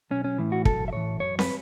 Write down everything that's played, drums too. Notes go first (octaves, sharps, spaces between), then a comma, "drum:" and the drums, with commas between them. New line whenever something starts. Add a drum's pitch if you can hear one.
B1 C#4
C#4
A2 E3
F#4
B1 A4, drum: kick
E5
A2 E3 C#5
F#2 C#5
B4, drum: snare C4